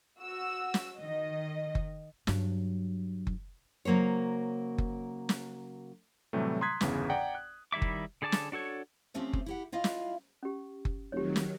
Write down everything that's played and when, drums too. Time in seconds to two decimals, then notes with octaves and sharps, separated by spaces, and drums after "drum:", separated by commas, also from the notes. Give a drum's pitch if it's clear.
0.20 F#4 E6
0.74 drum: snare
0.98 D#3 D#5
1.75 drum: kick F#1
2.27 G2 F#3, drum: snare
3.27 drum: kick F#1
3.85 C#3 F#3 A#3 C5 C#5
4.78 drum: kick F#1
5.29 drum: snare
6.33 A2 C3 E3 F#3 G3 A3
6.61 A#5 C6 D#6 F#6 G#6 B6
6.81 G1 E2 C#3, drum: snare
7.09 D5 F#5 G5 A#5
7.35 F#6
7.72 D#3 G3 E4 E5 D6
7.82 drum: kick F#1
8.22 D3 G#4 D5 A5 D6
8.32 drum: snare
8.52 D4 F#4 A4 C#5
9.14 F3 A3 C4 C#4 G4
9.33 drum: kick F#1
9.46 E4 G4 F#5
9.72 E4 F4 D#5 F5
9.84 drum: snare
10.43 C#4 G4
10.85 drum: kick F#1
11.12 F1 D#3 F#3 G4 C#5
11.36 drum: snare